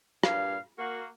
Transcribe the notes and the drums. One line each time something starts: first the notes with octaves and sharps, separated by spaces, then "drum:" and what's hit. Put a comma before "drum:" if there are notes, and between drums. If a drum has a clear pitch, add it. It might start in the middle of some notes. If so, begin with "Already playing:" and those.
G2 A#2 F5, drum: rim click
A#3 F#4